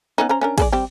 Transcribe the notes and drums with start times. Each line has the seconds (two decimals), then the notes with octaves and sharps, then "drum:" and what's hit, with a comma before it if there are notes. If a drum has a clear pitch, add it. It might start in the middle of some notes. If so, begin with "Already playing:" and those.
0.18 B3 C#4 D#4
0.29 C#4 C5 A#5
0.41 C#4 D4 A#4
0.58 G#4 A4 D5, drum: kick, cymbal
0.72 G3 C4 G4